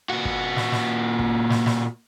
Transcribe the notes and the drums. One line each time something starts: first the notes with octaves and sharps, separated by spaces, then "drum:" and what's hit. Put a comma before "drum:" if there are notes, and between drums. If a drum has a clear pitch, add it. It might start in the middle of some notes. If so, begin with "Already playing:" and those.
A#2 F#4
drum: kick
drum: snare
drum: snare
drum: kick
drum: snare
drum: snare